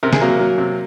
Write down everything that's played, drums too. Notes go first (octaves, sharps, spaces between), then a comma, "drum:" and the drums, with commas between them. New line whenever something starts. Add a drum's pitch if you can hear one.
C3 A#4
G#4, drum: snare
F#3 A#3 A#4
F#3
C3